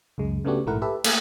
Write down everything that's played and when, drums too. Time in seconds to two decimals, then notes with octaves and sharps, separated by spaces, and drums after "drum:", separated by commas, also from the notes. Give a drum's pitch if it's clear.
0.18 C#2 F#2 G#3
0.45 C#3 A3 B3 D4 F#4 G4
0.66 A#1 G#2 A3 E4 A#4 F#5
0.82 G4 A4 B4 E5
1.04 A3 A#3 G#4, drum: cymbal